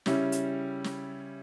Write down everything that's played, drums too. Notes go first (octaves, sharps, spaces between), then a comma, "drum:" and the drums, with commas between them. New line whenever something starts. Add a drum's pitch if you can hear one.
C#3 G3 C#4 E4, drum: snare
drum: hi-hat
drum: snare